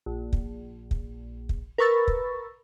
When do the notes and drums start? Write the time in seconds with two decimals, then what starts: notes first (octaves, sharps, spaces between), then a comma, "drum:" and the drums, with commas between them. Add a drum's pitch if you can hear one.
0.06 A#1
0.33 drum: kick
0.91 drum: kick
1.49 drum: kick
1.78 A#4 B4 B5 C#6 E6 A6
2.08 drum: kick